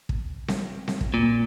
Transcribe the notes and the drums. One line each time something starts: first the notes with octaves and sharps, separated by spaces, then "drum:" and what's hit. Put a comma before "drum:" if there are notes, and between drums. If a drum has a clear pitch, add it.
drum: kick
drum: snare C4
drum: snare C4
drum: kick
A#2